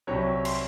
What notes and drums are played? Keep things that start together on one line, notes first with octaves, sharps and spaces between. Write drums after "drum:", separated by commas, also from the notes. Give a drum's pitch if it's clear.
C2 C3 F#3 C#5
C6, drum: cymbal